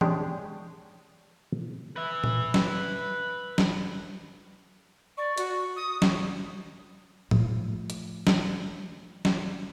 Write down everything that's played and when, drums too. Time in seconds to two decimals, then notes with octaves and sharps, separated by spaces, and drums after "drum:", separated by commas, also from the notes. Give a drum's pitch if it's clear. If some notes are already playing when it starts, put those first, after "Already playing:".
0.01 G#3 C#4 D4 G4 G#4, drum: tom E3
1.96 B4 E5
2.24 drum: tom A#2
2.54 drum: snare
3.58 drum: snare
5.18 D5 C#6
5.38 F#4, drum: hi-hat
5.76 D#6
6.02 drum: snare
7.31 F3 A3, drum: tom A2
7.90 drum: hi-hat
8.27 drum: snare
9.25 drum: snare